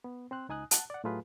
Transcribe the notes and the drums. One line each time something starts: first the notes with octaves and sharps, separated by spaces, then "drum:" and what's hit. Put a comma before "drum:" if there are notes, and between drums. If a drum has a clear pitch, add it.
B3
C4 C5 F#6
C#2 D#4 G#5 D#6 F#6
F#5 A5 F#6, drum: hi-hat
D5 F#5
A2 F#3 A3 F4 G#4 B4